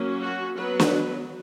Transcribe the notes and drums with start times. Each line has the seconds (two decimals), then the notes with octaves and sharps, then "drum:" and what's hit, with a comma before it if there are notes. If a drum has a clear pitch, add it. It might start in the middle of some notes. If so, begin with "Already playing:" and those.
Already playing: F#3 A#3 C#4
0.23 F#4
0.57 F#3 B3 B4
0.80 drum: snare